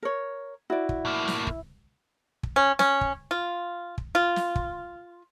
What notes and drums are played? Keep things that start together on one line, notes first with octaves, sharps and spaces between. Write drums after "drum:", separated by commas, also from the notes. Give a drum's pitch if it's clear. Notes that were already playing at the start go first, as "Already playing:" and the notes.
A#4 C#5
E4 F#4 D5
drum: kick
A2 A#3
drum: snare
drum: kick
drum: kick
C#4
C#4, drum: snare
drum: kick
F4
drum: kick
F4
drum: snare
drum: kick